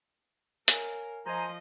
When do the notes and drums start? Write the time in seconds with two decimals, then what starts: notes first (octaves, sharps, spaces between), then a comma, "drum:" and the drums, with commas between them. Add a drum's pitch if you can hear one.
0.68 A#4 C#5 F5 G#5, drum: hi-hat
1.26 F3 C5 D#5 G#5 A#5 A#6